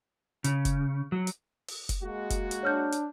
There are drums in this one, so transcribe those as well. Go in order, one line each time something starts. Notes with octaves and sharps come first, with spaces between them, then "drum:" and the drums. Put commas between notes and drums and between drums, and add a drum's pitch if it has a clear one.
C#3, drum: hi-hat
drum: kick F1, hi-hat
F#3
drum: hi-hat
drum: open hi-hat
drum: kick F1, hi-hat
G#3 A#3 F#4
drum: kick F1, hi-hat
drum: hi-hat
D4 C#5 F6 G6
drum: hi-hat